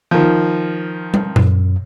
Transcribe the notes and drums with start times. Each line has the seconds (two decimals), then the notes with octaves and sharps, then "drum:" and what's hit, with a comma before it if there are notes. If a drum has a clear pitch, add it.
0.11 D#3 F3
1.14 drum: tom
1.36 F#2, drum: tom A#2